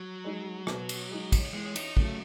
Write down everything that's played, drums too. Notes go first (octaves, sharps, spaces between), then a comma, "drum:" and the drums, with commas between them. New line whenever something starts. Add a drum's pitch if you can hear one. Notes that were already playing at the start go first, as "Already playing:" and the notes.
Already playing: F#3
G#3 D#4
B2, drum: rim click
drum: cymbal
G#3 D#4
drum: kick, cymbal
E2 G#3
D#4, drum: cymbal
C#3 F#3 A3, drum: kick